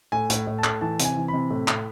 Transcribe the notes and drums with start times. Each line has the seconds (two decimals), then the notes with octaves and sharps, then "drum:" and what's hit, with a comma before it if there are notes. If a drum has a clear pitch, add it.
0.12 A2 G#5
0.30 A2, drum: hi-hat
0.47 A2
0.59 A5
0.64 A2, drum: clap
0.81 E3 A5
0.99 C3, drum: hi-hat
1.05 G#5
1.17 E3
1.28 C3 B5
1.50 A2
1.68 A2, drum: clap